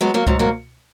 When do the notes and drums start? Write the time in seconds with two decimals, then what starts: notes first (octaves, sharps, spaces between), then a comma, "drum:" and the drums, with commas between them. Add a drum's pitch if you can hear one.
0.01 F#3 G#3 B3
0.14 F#3 A#3
0.27 G#2 F#3, drum: kick C#2
0.39 F#3 A#3